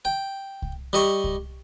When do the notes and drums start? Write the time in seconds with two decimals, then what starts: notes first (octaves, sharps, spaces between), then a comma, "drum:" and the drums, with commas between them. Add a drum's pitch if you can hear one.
0.05 G5
0.62 drum: kick C2
0.93 G3 D#5 C#6
1.24 drum: kick C2